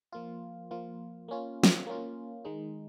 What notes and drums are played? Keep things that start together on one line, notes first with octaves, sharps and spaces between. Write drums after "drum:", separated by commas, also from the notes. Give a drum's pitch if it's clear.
F3 A#3 F4
F3 A#3 F4
A#3 C#4 F4
drum: snare
A#3 C#4 F4
D#3 G#3 D#4